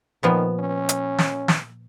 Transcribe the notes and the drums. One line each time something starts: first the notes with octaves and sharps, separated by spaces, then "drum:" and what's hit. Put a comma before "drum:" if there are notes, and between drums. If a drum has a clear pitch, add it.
A#2 D#3 F3 B3
C#4
drum: hi-hat
drum: snare
drum: snare